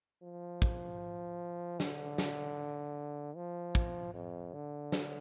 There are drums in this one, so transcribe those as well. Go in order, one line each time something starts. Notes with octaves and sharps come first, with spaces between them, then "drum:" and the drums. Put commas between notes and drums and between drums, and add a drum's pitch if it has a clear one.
F3
drum: kick
D3, drum: snare
drum: snare
F3
drum: kick
F2
D3
drum: snare